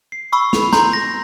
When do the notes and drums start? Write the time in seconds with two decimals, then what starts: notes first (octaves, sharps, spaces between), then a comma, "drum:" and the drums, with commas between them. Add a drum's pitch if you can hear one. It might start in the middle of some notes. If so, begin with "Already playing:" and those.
0.12 C7
0.32 B5 C#6 E6
0.53 F7, drum: snare
0.73 A#5 C6 G6, drum: snare
0.93 A#6